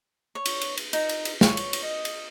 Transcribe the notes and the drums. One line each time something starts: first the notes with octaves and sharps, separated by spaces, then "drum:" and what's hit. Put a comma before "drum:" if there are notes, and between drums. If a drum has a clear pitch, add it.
C#5
drum: cymbal
drum: cymbal
drum: cymbal
D#4, drum: cymbal
drum: cymbal
drum: cymbal
C#5, drum: snare
drum: cymbal
drum: cymbal
D#5
drum: cymbal